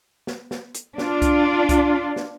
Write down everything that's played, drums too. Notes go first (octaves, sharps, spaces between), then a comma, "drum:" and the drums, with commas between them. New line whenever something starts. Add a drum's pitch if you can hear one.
drum: snare
drum: snare
drum: hi-hat
D4 F4, drum: snare
drum: kick C2, hi-hat
drum: kick C2, hi-hat
drum: snare